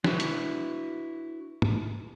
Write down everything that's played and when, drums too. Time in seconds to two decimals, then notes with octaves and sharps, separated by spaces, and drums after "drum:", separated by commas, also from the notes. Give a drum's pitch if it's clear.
0.04 D4 E4 F#4 B4, drum: snare
0.20 drum: hi-hat
1.62 drum: tom